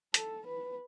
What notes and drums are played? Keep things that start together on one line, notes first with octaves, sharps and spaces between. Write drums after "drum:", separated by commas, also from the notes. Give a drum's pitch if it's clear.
A4, drum: hi-hat
B4